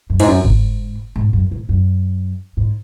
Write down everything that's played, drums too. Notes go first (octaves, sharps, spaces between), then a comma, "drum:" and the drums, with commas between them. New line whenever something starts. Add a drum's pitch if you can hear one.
F#2
G#2, drum: cymbal
F#2
G#2, drum: kick G1
G#2
F#2
G#2
F#2
G#2